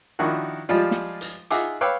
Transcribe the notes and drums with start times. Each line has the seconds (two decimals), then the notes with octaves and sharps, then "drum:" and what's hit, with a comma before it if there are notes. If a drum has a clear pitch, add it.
0.19 D#3 F3 D4 E4 F#4
0.69 F3 G3 G#3 F4 D5
0.91 drum: snare
1.21 drum: hi-hat
1.51 D#4 F4 G#4 E5 F#5 D6, drum: hi-hat
1.81 B4 C#5 F5 G5 D6 E6